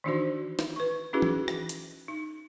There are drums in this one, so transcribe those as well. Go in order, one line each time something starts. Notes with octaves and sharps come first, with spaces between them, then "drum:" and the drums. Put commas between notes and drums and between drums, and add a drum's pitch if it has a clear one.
D#3 E3 D4 D#4 F#4 C5
drum: snare
B4 C#6
C#4 D#4 E4 F#4 G#4 B4
drum: tom E3
drum: rim click
drum: hi-hat
D#4